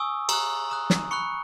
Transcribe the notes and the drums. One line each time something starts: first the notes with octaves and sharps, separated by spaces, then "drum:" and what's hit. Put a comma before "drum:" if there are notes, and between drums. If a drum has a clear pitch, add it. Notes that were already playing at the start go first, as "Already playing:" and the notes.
Already playing: G#5 C#6 D#6 E6
A#5 D#6 F#6, drum: cymbal
A#5 D#6 F#6
drum: snare
B5 C#6 F#6 C#7